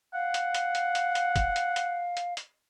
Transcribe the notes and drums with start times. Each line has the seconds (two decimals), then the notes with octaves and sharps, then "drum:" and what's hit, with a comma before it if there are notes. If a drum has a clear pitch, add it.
0.14 F5 F#5
0.34 drum: hi-hat
0.54 drum: hi-hat
0.75 drum: hi-hat
0.95 drum: hi-hat
1.15 drum: hi-hat
1.36 drum: kick, hi-hat
1.56 drum: hi-hat
1.76 drum: hi-hat
2.17 drum: hi-hat
2.37 drum: hi-hat